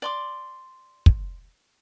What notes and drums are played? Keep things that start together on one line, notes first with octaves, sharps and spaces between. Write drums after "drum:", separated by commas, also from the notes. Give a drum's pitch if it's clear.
D5 C6 D6
drum: kick